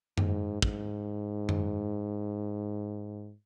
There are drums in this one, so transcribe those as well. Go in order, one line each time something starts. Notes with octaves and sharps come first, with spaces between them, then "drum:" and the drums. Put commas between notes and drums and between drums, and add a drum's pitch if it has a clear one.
G#2, drum: tom F#2
G#2, drum: kick
drum: tom F#2